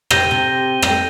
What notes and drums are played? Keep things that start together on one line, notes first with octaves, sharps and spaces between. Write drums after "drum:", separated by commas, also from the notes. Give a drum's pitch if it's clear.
C3 G6 A#6 D#7 G7, drum: rim click
D3
C3
G3, drum: rim click
A3